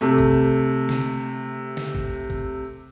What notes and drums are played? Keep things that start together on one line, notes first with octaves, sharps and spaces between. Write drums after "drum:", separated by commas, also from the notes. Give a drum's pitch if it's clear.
C3 A3
drum: kick G1
drum: snare
drum: snare
drum: kick G1
drum: kick G1